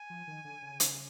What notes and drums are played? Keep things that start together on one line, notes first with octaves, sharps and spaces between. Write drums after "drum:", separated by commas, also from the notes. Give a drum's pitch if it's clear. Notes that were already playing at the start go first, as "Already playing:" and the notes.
Already playing: G#5
F3
D#3
D3
C#3
drum: hi-hat